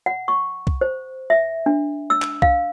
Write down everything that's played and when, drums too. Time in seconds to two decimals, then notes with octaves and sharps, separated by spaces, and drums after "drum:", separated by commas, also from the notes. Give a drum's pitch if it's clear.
0.06 F#5
0.28 C#6
0.67 drum: kick C2
0.81 C5
1.30 E5
1.66 D4
2.10 E6
2.22 drum: clap
2.42 F5, drum: kick C2